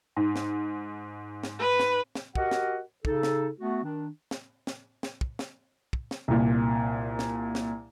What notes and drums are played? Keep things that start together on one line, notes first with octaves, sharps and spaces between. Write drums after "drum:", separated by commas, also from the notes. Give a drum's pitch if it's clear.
G#2
drum: snare
drum: snare
B4
drum: snare
drum: snare
F#4 G4 A#4 D#5 F#5, drum: kick
drum: snare
C#3 D#4 A4, drum: kick
drum: snare
A3 B3 F#4
D#3 D4
drum: snare
drum: snare
drum: snare
drum: kick
drum: snare
drum: kick
drum: snare
C2 A#2
drum: snare
drum: snare